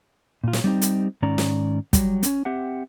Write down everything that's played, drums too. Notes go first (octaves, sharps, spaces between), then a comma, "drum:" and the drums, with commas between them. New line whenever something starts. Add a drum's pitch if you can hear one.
A#2 F4
drum: snare
G3 C4 D#4 G4
drum: hi-hat
G#2 D#3 C#4 D5 A#5
drum: snare
F#3 G3, drum: kick, hi-hat
C4 C#4, drum: hi-hat
C4 G4 E5 F#5